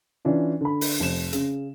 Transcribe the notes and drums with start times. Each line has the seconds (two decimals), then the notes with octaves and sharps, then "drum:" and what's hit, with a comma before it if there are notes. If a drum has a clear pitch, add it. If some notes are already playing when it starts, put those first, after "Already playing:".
0.25 E3 C#4 D4 F4
0.61 D3 B5
0.81 drum: open hi-hat
1.00 F1 E7
1.33 C#3, drum: hi-hat